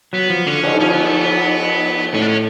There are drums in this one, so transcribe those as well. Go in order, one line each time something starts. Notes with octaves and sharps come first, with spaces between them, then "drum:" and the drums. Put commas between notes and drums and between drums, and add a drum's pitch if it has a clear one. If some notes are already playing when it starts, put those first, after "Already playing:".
F#3 B3
F3
D3 C#4
D3, drum: cymbal
F3 C#4
B3
A3
B3
A2 C#4
D4
C#4